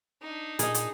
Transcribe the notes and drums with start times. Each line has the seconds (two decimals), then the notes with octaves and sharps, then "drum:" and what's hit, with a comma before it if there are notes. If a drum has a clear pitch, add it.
0.22 D4 D#4
0.59 A#2 G#4 A#4 D#5, drum: hi-hat
0.74 drum: hi-hat